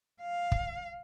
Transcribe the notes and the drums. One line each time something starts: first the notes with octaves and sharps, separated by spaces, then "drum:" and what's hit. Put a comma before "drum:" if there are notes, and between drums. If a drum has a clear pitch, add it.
F5
drum: kick